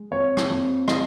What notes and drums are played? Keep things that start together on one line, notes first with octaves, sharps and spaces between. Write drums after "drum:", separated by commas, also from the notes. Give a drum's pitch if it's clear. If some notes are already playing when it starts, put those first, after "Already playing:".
Already playing: G#3
F2 C#5
drum: rim click
F2
F3 D#5, drum: rim click